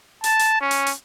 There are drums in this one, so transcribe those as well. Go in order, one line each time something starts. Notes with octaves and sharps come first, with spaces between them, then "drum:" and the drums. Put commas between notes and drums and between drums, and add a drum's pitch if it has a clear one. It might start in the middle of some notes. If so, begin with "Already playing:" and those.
A5, drum: hi-hat
drum: hi-hat
C#4
drum: hi-hat
drum: hi-hat